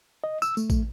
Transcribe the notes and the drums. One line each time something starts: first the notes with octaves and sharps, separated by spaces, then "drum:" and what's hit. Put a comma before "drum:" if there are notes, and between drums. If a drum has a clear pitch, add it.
D#5
E6, drum: tambourine
A3, drum: tambourine
drum: kick A1, tambourine